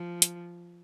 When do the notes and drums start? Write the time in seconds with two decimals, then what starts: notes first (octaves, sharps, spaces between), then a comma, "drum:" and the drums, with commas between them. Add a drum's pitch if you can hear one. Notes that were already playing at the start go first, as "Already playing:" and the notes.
Already playing: F3
0.22 drum: hi-hat